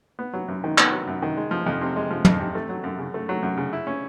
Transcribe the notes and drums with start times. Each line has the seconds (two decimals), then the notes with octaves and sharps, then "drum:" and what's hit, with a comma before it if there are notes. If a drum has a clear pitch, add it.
0.19 B3
0.33 F#3
0.48 F#2
0.64 D#3
0.78 B3, drum: clap
0.92 F#3
1.07 F#2
1.22 D#3
1.37 G#3
1.51 F3
1.66 F2
1.81 C3
1.96 G#3
2.10 F3
2.25 F2, drum: tom
2.39 C3
2.55 A3
2.69 F#3
2.84 F#2
2.99 C#3
3.14 A3
3.29 F#3
3.43 F#2
3.57 C#3
3.73 E4
3.87 C#4